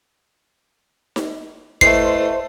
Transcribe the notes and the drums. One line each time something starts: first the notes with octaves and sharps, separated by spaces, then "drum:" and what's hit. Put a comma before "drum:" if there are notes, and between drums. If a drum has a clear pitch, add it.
drum: snare D#4
A3 E4 B4 C5 D#5 C7, drum: kick